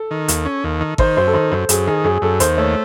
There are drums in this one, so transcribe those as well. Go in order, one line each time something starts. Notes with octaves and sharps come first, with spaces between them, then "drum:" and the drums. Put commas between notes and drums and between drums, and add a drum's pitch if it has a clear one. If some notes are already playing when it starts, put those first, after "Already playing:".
Already playing: A4
D#3
D#2, drum: hi-hat
C#4
D#2
D#3
D#3 C5, drum: kick G#1
F#2 C5
A4
D#3 C5
F#2 C5
F#2 G#4, drum: hi-hat
D#3 G#4
F#2 G#4
F#2 A4
D#2 C5, drum: hi-hat
A3 C#5